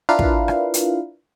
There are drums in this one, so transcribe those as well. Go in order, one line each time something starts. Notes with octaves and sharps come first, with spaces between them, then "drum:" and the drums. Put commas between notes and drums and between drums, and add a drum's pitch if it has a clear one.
D4 E4 F4 A#4 B4 F5
drum: kick
drum: rim click
drum: hi-hat